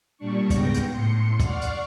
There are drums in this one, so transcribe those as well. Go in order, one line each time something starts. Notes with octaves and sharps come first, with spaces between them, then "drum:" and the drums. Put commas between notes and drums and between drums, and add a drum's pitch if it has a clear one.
A#2 G3 D4 C#6
G#2 C#3 B3 G5 A#6, drum: kick, hi-hat
drum: hi-hat
A2 C6 C#7
D5 F#5 C#6 F6 C7, drum: kick, hi-hat
drum: hi-hat